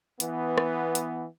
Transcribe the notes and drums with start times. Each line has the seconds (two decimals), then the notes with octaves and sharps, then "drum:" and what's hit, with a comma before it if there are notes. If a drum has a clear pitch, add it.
0.20 E3 B3, drum: hi-hat
0.58 drum: rim click
0.95 drum: hi-hat